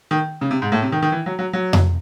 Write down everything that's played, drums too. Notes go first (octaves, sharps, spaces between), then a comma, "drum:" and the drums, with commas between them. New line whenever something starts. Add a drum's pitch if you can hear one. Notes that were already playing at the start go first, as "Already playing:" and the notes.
D#3
C#3
C3
G#2
A2
C3
D#3
D#3
E3
F#3
F#3
F#3
drum: tom F2